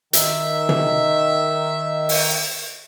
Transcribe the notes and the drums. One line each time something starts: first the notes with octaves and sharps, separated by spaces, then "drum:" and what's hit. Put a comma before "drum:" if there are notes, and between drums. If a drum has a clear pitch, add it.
D#3 E5, drum: hi-hat
drum: tom
drum: open hi-hat